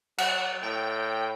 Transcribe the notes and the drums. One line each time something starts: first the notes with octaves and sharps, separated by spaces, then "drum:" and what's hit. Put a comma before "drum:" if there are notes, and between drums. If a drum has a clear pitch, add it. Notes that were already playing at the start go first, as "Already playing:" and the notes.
F#3 F#5, drum: cymbal
A2 G5